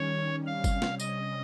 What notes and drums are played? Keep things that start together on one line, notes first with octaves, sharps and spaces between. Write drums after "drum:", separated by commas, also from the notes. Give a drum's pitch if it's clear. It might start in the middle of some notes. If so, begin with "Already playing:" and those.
Already playing: D#3 G3 C#4 C#5
C3 G3 C#4 F5
drum: kick G1, tambourine
drum: snare
D#5, drum: tambourine